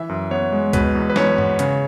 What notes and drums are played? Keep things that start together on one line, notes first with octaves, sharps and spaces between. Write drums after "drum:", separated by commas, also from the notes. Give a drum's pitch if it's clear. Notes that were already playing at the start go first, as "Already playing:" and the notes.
Already playing: E3 E5
F#2
B3 C#5
G#3
B2 B4, drum: kick, hi-hat
E2
B4
E2 C#5, drum: snare
B3, drum: tom G2
C#3, drum: hi-hat